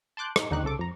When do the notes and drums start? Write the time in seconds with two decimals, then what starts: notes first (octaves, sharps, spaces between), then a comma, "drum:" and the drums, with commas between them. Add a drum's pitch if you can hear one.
0.17 A5 C6 D6 F#6 G6
0.36 D#4, drum: rim click
0.51 D#2 D3 D#4 G4 F#6
0.63 C2 C#3 A4 D6
0.79 F2 A#5